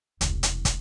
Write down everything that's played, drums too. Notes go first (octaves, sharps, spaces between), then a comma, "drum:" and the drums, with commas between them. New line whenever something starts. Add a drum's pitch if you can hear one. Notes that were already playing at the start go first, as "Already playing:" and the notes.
E1 C2, drum: hi-hat
drum: hi-hat
drum: kick, hi-hat